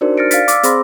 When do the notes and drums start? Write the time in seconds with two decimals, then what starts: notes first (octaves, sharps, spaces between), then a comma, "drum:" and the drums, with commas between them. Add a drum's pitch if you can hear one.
0.01 D4 D#4 F#4 A#4 C5 D5
0.18 F6 A6 A#6 C#7 D7
0.31 D5 F5 F6 A6 B6, drum: hi-hat
0.48 D6 E6, drum: hi-hat
0.63 C4 G#4 C5 B5 C6 A#6, drum: hi-hat